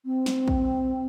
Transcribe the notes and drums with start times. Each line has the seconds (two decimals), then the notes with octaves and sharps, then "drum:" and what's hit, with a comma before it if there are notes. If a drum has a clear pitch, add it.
0.06 C4
0.26 drum: snare
0.48 drum: kick A#1